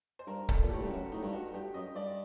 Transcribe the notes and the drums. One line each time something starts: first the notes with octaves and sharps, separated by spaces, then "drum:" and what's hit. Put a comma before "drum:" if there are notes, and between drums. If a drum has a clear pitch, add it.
C5
G2 A#4
A4, drum: kick C#1
A#2
A2 G4
G2 G4
F#2 F#4
A2 D#4
G2
F#4
G2 G4
F#2 D#5
G2 D5